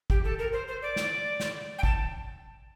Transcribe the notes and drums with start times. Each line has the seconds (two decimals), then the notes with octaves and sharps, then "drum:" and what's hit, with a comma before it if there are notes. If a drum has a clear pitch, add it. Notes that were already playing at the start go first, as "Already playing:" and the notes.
0.10 G4, drum: kick
0.24 A4
0.39 A#4
0.53 C5
0.68 C5
0.82 D5
0.96 drum: snare
1.40 drum: snare
1.78 G5
1.83 A5, drum: kick